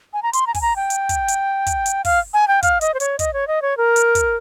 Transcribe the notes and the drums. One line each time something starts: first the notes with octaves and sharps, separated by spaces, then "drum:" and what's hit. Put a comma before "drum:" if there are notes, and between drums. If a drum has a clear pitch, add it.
G#5
A#5
C6, drum: hi-hat
A#5
G#5, drum: kick, open hi-hat
A#5
G5
drum: hi-hat
drum: kick, hi-hat
drum: hi-hat
drum: kick, hi-hat
drum: hi-hat
F5, drum: kick, open hi-hat
G#5
G5
F5, drum: kick, hi-hat
D#5, drum: hi-hat
C5
C#5, drum: hi-hat
D#5, drum: kick, hi-hat
C#5
D#5
C#5
A#4
drum: hi-hat
drum: kick, hi-hat